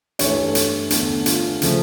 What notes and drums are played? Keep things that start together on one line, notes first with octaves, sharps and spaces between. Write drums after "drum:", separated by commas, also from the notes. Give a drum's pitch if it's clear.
G2 E3 A3 C#5, drum: hi-hat
A4
drum: hi-hat
E2 D3 A3, drum: hi-hat
F4, drum: hi-hat
C#3 F3 A3, drum: hi-hat